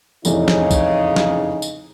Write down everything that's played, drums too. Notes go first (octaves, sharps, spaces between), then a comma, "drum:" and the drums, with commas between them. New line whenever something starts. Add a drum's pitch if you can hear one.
F1 E2 A2 C#3 D#4, drum: tambourine
drum: snare
drum: kick, tambourine
drum: snare
drum: tambourine